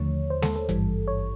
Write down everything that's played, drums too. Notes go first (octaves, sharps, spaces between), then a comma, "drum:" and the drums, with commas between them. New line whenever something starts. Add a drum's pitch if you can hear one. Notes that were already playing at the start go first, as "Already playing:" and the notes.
Already playing: D#2 D3 F3 A3 C#5
C5
A4, drum: snare G#3
A4
G#1 G2 E3 G3, drum: hi-hat
C#5